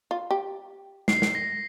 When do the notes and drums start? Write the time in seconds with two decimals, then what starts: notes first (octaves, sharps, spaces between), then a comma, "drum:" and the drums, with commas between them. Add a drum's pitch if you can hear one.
0.11 F4
0.31 G4
1.08 C7, drum: snare
1.22 drum: snare
1.35 A#6